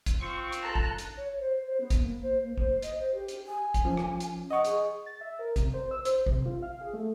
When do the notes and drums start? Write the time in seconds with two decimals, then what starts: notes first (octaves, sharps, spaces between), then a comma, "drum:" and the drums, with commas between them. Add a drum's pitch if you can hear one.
0.06 drum: kick, hi-hat
0.21 C4 F4 C#6
0.52 drum: hi-hat
0.63 A4 A5 A#5 F#6
0.75 drum: kick
0.98 drum: hi-hat
1.17 C#5
1.40 C5
1.66 C5
1.80 B3
1.90 drum: kick, hi-hat
2.02 A#3
2.22 C5
2.44 A#3
2.57 C5, drum: kick
2.82 D#5, drum: hi-hat
2.98 C5
3.14 G4
3.28 drum: hi-hat
3.47 G#5
3.74 drum: kick, hi-hat
3.85 F3 C#4
3.97 drum: rim click
4.20 drum: hi-hat
4.51 D#5 F#5 C#6
4.65 G#4, drum: hi-hat
5.06 A6
5.21 E5
5.39 A#4
5.56 C3, drum: kick, hi-hat
5.74 C5
5.91 E6
6.05 C5, drum: hi-hat
6.26 C3, drum: kick
6.46 F4
6.62 F5
6.81 G#4
6.93 A3